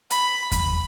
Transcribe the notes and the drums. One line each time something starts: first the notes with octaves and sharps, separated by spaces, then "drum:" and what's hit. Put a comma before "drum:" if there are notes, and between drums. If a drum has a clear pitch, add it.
B5, drum: hi-hat
B5, drum: kick E2, hi-hat